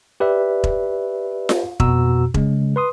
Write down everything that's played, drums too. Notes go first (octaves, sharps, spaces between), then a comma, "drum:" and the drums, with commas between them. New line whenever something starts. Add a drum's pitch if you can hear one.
G4 B4 D5 E5
drum: kick E1
drum: snare F4
F2 B2 F#4 A#5 E6, drum: kick E1
C#3 G#3, drum: kick E1
B4 C6 D#6